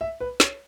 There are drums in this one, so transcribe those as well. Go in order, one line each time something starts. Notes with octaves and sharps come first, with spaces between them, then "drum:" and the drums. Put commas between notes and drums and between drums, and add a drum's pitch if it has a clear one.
E5
B4
C#5, drum: snare